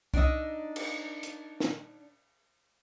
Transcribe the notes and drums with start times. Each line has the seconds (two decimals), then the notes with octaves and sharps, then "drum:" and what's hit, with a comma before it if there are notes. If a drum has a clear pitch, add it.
0.14 D4 D#4 F#4 D#5 E5, drum: kick C2
0.76 drum: cymbal
1.23 drum: hi-hat
1.60 drum: snare